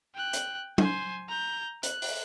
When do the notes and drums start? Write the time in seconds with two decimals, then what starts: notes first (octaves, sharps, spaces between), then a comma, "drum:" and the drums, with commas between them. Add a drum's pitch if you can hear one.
0.15 G5 F#6
0.33 drum: hi-hat
0.78 C5 G#5, drum: tom
1.29 A#5 G6
1.83 F#6, drum: hi-hat
2.02 drum: open hi-hat